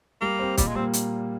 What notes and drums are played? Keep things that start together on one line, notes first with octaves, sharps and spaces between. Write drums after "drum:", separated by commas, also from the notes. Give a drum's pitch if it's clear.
G3 A#3
C4 G4
A#2 G3, drum: kick, hi-hat
G#3
G3 A#3 C4
drum: hi-hat